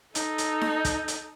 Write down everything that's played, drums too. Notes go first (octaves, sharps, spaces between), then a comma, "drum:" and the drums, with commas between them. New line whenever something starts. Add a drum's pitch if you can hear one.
D#4 A4, drum: hi-hat
drum: hi-hat
drum: snare D#4
drum: kick, hi-hat
drum: hi-hat